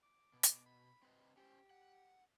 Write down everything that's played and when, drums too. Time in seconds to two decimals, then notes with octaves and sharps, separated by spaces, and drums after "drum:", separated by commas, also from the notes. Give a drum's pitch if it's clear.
0.03 D6
0.34 B2
0.43 drum: hi-hat
0.66 B5
1.03 C4 B4 D#5
1.37 C#4 G4 C5
1.71 F#5